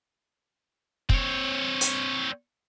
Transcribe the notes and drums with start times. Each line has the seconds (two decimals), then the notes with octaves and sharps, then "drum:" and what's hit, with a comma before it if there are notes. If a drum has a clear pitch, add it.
1.09 C4 C#5, drum: kick
1.81 drum: hi-hat